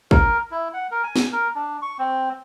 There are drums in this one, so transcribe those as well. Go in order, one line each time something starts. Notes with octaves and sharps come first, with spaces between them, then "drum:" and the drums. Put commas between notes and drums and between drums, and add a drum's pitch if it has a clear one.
A#4, drum: kick
E4
F#5
A#4
G#5
drum: snare
A#4
D4
C#6
C4